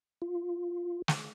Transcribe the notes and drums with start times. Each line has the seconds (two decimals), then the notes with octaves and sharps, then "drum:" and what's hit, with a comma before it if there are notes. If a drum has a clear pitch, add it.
0.22 F4
1.08 drum: snare